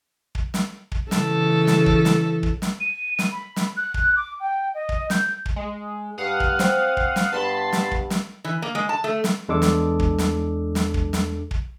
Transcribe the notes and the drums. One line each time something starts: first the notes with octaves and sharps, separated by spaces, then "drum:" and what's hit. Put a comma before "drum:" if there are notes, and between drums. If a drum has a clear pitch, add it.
drum: kick
drum: snare
drum: kick
C#3 E3 A4, drum: snare
drum: snare
drum: kick
drum: snare
drum: kick
drum: snare
D#7
drum: snare
B5
drum: snare
F#6
drum: kick
D6
G5
D#5
drum: kick
G6, drum: snare
drum: kick
G#3
G2 F5 F#5 D#6
drum: kick
C4 C5, drum: snare
drum: kick
drum: snare
G2 B3 A5 B5 C6
drum: snare
drum: kick
drum: snare
E3
A#3
G#3
A5
A3
drum: snare
E2 G#3 D4 A4 D6
drum: snare
drum: kick
drum: snare
drum: snare
drum: kick
drum: snare
drum: kick